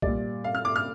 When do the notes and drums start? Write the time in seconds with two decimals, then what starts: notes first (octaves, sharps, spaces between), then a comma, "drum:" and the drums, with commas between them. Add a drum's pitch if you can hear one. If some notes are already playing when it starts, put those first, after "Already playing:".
0.02 A#2 G3 D5, drum: kick
0.44 F5
0.55 F6
0.65 D6
0.76 F6